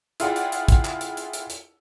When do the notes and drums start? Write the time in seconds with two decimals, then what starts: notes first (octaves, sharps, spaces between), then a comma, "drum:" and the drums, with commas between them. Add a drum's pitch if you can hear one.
0.20 E4 F4 G#4 D5 F#5 G5, drum: hi-hat
0.36 drum: hi-hat
0.52 drum: hi-hat
0.68 drum: kick, hi-hat
0.85 drum: clap
1.01 drum: hi-hat
1.17 drum: hi-hat
1.33 drum: hi-hat
1.50 drum: hi-hat